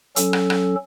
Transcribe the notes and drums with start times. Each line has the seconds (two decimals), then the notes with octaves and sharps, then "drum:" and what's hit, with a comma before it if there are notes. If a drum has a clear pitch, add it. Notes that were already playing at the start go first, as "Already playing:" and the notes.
0.16 F#3 C#4 A4, drum: hi-hat
0.33 drum: rim click
0.50 drum: rim click